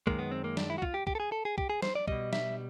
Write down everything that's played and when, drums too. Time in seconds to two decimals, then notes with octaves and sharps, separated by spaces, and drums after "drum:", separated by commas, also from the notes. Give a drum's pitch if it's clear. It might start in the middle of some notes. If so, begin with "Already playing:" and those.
0.07 F#2 D#3 G#3 A#3, drum: kick
0.19 B3
0.31 C4
0.44 A#3
0.57 D4, drum: snare
0.70 E4
0.78 F#4
0.82 F4, drum: kick
0.94 G4
1.07 G4, drum: kick
1.15 A4
1.20 G#4
1.32 A4
1.45 G#4
1.58 G4, drum: kick
1.70 G#4
1.82 C5, drum: snare
1.95 D5
2.08 B2 G3 D#5, drum: kick
2.33 E5, drum: snare